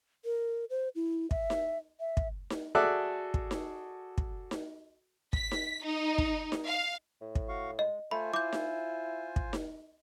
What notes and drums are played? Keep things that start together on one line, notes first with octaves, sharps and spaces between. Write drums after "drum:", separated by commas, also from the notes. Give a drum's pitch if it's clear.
A#4
C5
E4
E5, drum: kick
drum: snare D#4
E5
drum: kick
drum: snare D#4
F#4 G#4 A4 D5 E5 F#6
drum: kick
drum: snare D#4
drum: kick
drum: snare D#4
B6, drum: kick
drum: snare D#4
D#4
drum: kick
drum: snare D#4
F5
A2
drum: kick
F#4 F5 C#6
G#3 D#5
A3 F4 C5 G#5 B5
E4 D6 G6
drum: snare D#4
drum: kick
drum: snare D#4